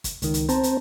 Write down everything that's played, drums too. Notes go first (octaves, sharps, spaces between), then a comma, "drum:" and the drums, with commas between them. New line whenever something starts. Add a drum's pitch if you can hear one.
drum: kick, hi-hat
C#2 D#3, drum: hi-hat
drum: hi-hat
C4 C5 A5 A#5, drum: hi-hat
drum: hi-hat